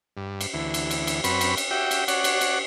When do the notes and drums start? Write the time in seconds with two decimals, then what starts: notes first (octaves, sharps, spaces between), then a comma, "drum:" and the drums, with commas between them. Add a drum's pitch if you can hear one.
0.17 G2
0.41 drum: cymbal
0.53 D2 E3
0.74 drum: cymbal
0.91 drum: cymbal
1.07 drum: cymbal
1.24 F#2 C4 B4 B5 C#6, drum: cymbal
1.41 drum: cymbal
1.57 drum: cymbal
1.71 F#4 G4 E5 G5
1.91 drum: cymbal
2.08 F#4 C#5 D5 F#5, drum: cymbal
2.24 drum: cymbal
2.41 drum: cymbal